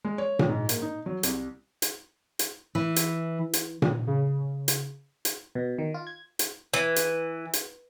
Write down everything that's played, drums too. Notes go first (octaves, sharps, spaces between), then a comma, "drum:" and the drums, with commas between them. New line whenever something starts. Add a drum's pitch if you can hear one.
G#3
C#5
drum: tom A#2
G#2
A#3, drum: hi-hat
D#4
F#3
C2, drum: hi-hat
drum: hi-hat
drum: hi-hat
E3
drum: hi-hat
drum: hi-hat
drum: tom A#2
C#3
drum: hi-hat
drum: hi-hat
B2
D#3
F4
G#6
drum: hi-hat
E3
drum: hi-hat
drum: hi-hat